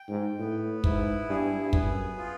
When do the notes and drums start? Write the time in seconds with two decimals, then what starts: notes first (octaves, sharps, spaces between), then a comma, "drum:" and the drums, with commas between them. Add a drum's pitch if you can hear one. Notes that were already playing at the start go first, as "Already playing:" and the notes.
Already playing: G5
0.08 G#2
0.39 A2 B3
0.84 G#2 E4, drum: kick
1.29 G2 G#4
1.58 G2
1.73 B3, drum: kick
1.88 F#2
2.18 F4